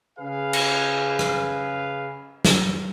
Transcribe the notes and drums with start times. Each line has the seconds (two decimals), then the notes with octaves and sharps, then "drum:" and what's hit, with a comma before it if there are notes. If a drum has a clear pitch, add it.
0.18 C#3 G#4 B4 F5
0.53 drum: cymbal
1.19 drum: rim click
2.45 drum: snare